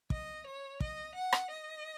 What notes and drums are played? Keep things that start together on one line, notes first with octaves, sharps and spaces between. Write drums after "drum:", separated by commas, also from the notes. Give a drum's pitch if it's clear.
D#5, drum: kick
C#5
D#5, drum: kick
F#5
drum: rim click
D#5